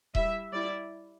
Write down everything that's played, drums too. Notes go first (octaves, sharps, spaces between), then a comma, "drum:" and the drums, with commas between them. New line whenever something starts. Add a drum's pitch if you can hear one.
G3 E4 E5, drum: kick D#1
G3 E4 D5